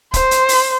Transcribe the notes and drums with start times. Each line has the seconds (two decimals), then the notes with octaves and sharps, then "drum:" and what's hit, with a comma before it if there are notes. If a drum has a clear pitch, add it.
0.14 C5, drum: kick, hi-hat
0.31 drum: hi-hat
0.49 drum: open hi-hat